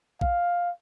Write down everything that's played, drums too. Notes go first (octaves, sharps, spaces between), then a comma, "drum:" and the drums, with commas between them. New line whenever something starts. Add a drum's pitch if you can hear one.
F5, drum: kick A#1